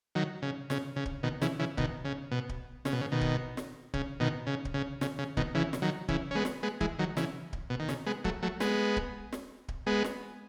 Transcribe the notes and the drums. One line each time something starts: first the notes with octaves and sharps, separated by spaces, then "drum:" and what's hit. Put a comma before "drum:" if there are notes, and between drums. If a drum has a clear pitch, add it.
D#3 F#3
C#3
C#3, drum: snare
C#3
drum: kick D1
B2 D#3
C#3 E3, drum: snare
C#3 E3
B2 D#3, drum: kick D1
C#3
B2
drum: kick D1
C#3, drum: snare
B2
C#3
B2 D#3
drum: kick D1
drum: snare
C#3, drum: kick D1
B2 D#3
C#3
drum: kick D1
C#3
C#3, drum: snare
C#3
B2 D#3, drum: kick D1
C#3 E3
drum: snare
D#3 F#3
C#3 E3, drum: kick D1
C#4
G#3 B3
drum: snare
G#3 B3
E3 G#3, drum: kick D1
D#3 F#3
C#3 E3, drum: snare
drum: kick D1
B2
D#3
C#3, drum: snare
G#3 B3
F#3 A3, drum: kick D1
F#3 A3
G#3 B3, drum: snare
drum: kick D1
drum: snare
drum: kick D1
G#3 B3
drum: snare